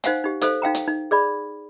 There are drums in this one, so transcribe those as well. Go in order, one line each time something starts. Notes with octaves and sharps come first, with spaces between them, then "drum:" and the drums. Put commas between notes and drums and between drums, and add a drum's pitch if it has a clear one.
D#4 C5 F5 F#5 G#5, drum: hi-hat
D#4 G4
D#4 A4 C5 F5, drum: hi-hat
D#4 F5 G5 A#5
drum: hi-hat
D#4
G#4 D5 B5